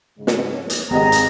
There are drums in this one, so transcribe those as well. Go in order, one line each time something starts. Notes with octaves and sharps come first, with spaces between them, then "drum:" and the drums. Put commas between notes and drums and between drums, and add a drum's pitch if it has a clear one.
G#2 C#3 G#3
drum: snare
F3 A#3 C#5
drum: hi-hat
G#1 G#3 G4 D#5 A#5
drum: hi-hat